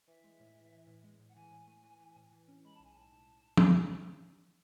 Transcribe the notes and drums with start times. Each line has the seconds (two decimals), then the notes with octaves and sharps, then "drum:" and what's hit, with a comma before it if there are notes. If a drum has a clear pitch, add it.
0.07 E3 E5
0.24 G#3
0.40 A2
0.55 E3
0.72 E3
0.87 A2
1.04 G#3
1.20 A2
1.29 F#5
1.35 E3 G#5
1.52 A2
1.67 A3
1.84 E3
1.99 E3
2.16 A2
2.32 E3
2.48 C#4
2.65 G#3 B5
2.74 A5
2.80 B1 G#5
2.94 A2 A5
3.12 B1
3.57 drum: tom